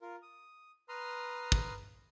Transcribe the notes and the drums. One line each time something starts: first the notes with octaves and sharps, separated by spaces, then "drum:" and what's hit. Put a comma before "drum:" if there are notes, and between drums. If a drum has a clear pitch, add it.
F4 A#4
D#6
B4 A#5 C6 D#6 F6
drum: kick